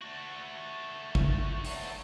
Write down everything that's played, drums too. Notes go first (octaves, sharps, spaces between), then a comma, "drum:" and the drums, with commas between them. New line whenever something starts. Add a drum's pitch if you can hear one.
A3 F#4
drum: kick
drum: open hi-hat